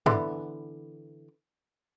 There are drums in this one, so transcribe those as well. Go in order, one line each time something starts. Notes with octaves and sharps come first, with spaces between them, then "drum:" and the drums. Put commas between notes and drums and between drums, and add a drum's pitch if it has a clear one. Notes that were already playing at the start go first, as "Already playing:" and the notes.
D3 E3 B3, drum: tom G2